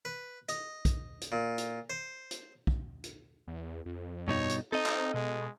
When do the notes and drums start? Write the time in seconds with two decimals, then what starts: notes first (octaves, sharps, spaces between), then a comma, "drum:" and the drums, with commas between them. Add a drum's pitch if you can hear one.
0.05 B4
0.49 D#5, drum: hi-hat
0.85 drum: kick, hi-hat
1.21 drum: hi-hat
1.32 A#2
1.58 drum: hi-hat
1.90 C5
2.31 drum: hi-hat
2.67 drum: kick
3.04 drum: hi-hat
3.47 E2
3.85 F2
4.28 G2 B2 D#4 C#5
4.49 drum: hi-hat
4.72 C4 D#4 A4 D#5
4.86 drum: clap
5.14 B2 G#3